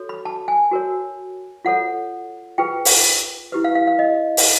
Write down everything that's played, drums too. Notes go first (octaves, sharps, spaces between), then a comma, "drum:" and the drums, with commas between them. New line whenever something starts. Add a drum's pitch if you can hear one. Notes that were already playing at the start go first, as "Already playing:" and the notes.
Already playing: F#4 A4 C#5
B5
A5
G#5
F#4 A#4 C#5
F4 A4 C#5 F#5
F4 G#4 B4 G5
drum: open hi-hat
E4 G4 B4
F5
F5
F5
D#5
drum: open hi-hat